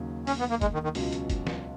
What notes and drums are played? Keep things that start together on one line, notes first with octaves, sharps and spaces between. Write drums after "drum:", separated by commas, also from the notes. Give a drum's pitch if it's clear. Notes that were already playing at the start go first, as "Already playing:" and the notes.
Already playing: D#2 C#3 F#3
C#4, drum: open hi-hat
B3
A#3
G#3, drum: kick, hi-hat
D#3
D#3
C#2 B2 F#3 C#4 F4, drum: open hi-hat
drum: hi-hat
drum: kick, hi-hat
drum: snare